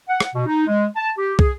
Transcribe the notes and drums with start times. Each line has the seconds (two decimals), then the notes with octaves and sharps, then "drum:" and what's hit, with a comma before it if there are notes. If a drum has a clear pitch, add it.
0.09 F#5
0.20 drum: rim click
0.35 B2
0.47 D#4
0.66 G#3
0.96 A5
1.18 G4
1.39 G#4, drum: kick